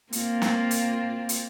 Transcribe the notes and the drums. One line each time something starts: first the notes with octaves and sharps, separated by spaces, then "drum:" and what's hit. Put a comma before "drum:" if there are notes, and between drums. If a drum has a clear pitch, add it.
A#3 C4 F4, drum: hi-hat
drum: snare
drum: hi-hat
drum: hi-hat